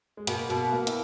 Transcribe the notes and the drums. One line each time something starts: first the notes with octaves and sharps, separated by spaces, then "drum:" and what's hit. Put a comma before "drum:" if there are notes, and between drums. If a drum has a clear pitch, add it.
G#3
B2 A#3, drum: hi-hat
B2 B3
A#3
E4, drum: hi-hat